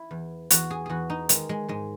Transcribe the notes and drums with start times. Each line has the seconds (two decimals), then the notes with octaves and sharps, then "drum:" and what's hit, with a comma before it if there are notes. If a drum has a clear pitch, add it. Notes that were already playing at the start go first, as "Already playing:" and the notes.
Already playing: E4
0.11 E2
0.50 E2 F#4, drum: hi-hat
0.71 G#4
0.86 E2 F#4 G#4
1.10 D#4
1.29 D#3 G#3, drum: hi-hat
1.49 G#3
1.68 G#2 G#3